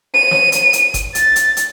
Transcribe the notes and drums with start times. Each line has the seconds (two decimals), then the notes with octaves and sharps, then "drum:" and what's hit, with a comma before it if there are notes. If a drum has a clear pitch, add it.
0.14 D#7
0.31 drum: snare
0.52 drum: hi-hat
0.73 drum: hi-hat
0.94 drum: kick G1, hi-hat
1.15 A6, drum: hi-hat
1.36 drum: hi-hat
1.57 drum: hi-hat